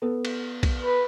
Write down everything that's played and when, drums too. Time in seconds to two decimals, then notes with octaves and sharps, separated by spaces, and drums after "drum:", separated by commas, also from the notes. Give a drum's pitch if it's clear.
0.02 B3 A4
0.25 drum: cymbal
0.63 drum: kick, cymbal
0.82 B4